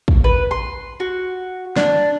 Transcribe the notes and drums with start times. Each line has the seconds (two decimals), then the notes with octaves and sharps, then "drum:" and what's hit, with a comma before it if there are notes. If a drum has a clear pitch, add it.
0.08 drum: kick
0.24 B4
0.51 C6
1.00 F#4
1.76 D4, drum: snare